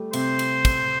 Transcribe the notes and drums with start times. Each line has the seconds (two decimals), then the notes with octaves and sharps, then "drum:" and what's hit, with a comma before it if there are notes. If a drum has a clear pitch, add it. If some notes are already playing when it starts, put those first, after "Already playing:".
Already playing: G3 A3
0.13 C3 C5, drum: cymbal
0.39 drum: cymbal
0.65 drum: kick, cymbal